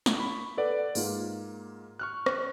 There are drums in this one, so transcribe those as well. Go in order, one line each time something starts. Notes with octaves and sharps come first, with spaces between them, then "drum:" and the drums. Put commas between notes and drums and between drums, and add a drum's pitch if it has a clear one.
drum: snare
B5 C#6
A4 B4 D5 F#5
G#2 A#3 F4, drum: open hi-hat
C#6 F6 F#6
drum: rim click